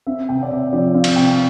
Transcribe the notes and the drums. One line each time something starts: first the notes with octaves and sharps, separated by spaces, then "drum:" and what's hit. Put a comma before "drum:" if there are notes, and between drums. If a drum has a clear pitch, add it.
C4 E5
C3 G5
D5
C3 E5
F3 D5
C4 F5
drum: cymbal
C3 G5